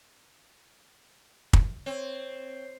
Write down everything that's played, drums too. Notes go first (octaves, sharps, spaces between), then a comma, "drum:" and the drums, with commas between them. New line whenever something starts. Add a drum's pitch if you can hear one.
drum: kick
C4 C#5